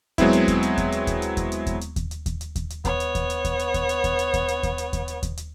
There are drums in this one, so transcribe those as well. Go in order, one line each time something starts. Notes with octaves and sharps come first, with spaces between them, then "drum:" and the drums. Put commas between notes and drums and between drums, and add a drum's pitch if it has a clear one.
F#3 G#3 B3 C4 E4, drum: kick D#2, hi-hat
drum: hi-hat
drum: kick D#2, hi-hat
drum: hi-hat
drum: kick D#2, hi-hat
drum: hi-hat
drum: kick D#2, hi-hat
drum: hi-hat
drum: kick D#2, hi-hat
drum: hi-hat
drum: kick D#2, hi-hat
drum: hi-hat
drum: kick D#2, hi-hat
drum: hi-hat
drum: kick D#2, hi-hat
drum: hi-hat
drum: kick D#2, hi-hat
drum: hi-hat
B3 C#5, drum: kick D#2, hi-hat
drum: hi-hat
drum: kick D#2, hi-hat
drum: hi-hat
drum: kick D#2, hi-hat
drum: hi-hat
drum: kick D#2, hi-hat
drum: hi-hat
drum: kick D#2, hi-hat
drum: hi-hat
drum: kick D#2, hi-hat
drum: hi-hat
drum: kick D#2, hi-hat
drum: hi-hat
drum: kick D#2, hi-hat
drum: hi-hat
drum: kick D#2, hi-hat
drum: hi-hat